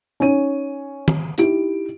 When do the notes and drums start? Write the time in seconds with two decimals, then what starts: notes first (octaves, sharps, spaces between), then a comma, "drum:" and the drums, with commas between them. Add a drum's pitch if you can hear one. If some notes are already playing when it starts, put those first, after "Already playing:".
0.20 C#4 D#4 C#5 D#7
1.08 drum: tom D#3
1.38 D#4 E4 G4 D7, drum: hi-hat